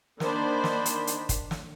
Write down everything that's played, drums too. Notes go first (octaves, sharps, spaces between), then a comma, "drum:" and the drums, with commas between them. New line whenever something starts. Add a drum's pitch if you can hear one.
D#3 A#3 D4 C5 B5, drum: snare
drum: snare
drum: hi-hat
drum: hi-hat
drum: kick, hi-hat
drum: snare